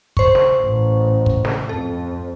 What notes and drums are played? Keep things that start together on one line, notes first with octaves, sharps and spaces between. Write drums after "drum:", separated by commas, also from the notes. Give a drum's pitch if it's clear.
C5 C#6, drum: kick
drum: snare
A1
drum: kick
drum: snare
F2 A4